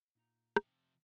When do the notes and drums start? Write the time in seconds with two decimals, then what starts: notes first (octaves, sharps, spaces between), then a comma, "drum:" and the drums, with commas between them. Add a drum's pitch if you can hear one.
0.15 A#2 D#4 A#5
0.56 C3 F3, drum: rim click